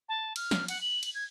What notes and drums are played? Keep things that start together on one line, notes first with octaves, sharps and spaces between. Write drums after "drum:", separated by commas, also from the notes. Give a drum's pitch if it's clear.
A5
F6, drum: cymbal
drum: snare
F#5, drum: cymbal
F#7
drum: cymbal
G#6